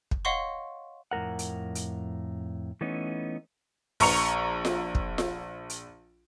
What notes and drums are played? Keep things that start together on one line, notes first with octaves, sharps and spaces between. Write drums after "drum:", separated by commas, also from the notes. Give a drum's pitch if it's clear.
drum: kick
C#5 D#5 F5 F#5 C6 C#6
F2 A2 A#4 F#5
drum: hi-hat
drum: hi-hat
E3 A3 B3 C#4 D#4
A#1 A#5 C#6 C#7 F7, drum: open hi-hat
drum: snare F4
drum: kick
drum: snare F4
drum: hi-hat